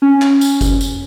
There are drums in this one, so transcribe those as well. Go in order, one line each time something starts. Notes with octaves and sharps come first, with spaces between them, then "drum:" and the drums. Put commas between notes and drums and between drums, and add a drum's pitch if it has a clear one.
C#4
drum: clap
drum: tambourine
drum: kick F#1, tambourine
drum: tambourine